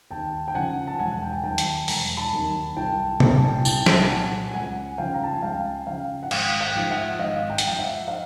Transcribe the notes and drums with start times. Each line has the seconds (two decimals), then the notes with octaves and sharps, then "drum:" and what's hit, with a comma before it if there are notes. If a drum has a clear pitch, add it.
0.11 D#2 G5 A5
0.48 G5
0.55 C#3 F3 F#5 G#5
0.87 A5
0.99 E1 F#5 G#5
1.11 F#5
1.22 G5
1.33 G#5
1.43 D#2 D#3 F#3 G5 A5
1.58 drum: hi-hat
1.88 E1 G#5 A#5, drum: open hi-hat
2.17 A5 B5
2.33 D#2 D#3 F#3
2.77 C2 G5 A5
3.20 A#2 F#3 A#5, drum: tom C3
3.30 A5
3.39 G#5
3.48 G5 A5
3.65 C2 G5 A5, drum: tambourine
3.86 drum: snare
4.04 A5
4.10 A#2 F#3 F#5 G#5
4.54 C#2 F#5 G#5
4.98 C#3 F3 F5 G5
5.14 A#5
5.23 A5
5.33 G#5
5.42 C#2 F5 G5
5.87 C#3 F3 F5 G5
6.23 F#5
6.31 G#1 F5 G5, drum: cymbal
6.60 F5 G5
6.75 G#2 F3
6.90 E5 F#5
7.19 G#1 D#5 F5
7.50 G5
7.58 F#5, drum: hi-hat
7.64 G#2 F3 F5 G5
7.79 E5 F#5
8.08 D#5 F5